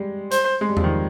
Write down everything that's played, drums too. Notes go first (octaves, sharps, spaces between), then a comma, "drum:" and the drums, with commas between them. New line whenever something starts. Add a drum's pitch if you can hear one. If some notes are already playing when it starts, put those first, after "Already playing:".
Already playing: G3 G#3
C5, drum: hi-hat
G#3
G3
F3, drum: tom E2
D#3